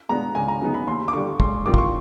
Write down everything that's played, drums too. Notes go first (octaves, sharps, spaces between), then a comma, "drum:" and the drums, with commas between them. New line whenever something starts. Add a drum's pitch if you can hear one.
B2 G#3 B3 D4 A#5
C#2 G#5
A#5
C#3 F#3 B3 D#4
B5
D#2 C6
D6
D3 G3 C#6
G#2 C6, drum: kick
D#3 G3 C4 F4 D6
C6, drum: kick
C#6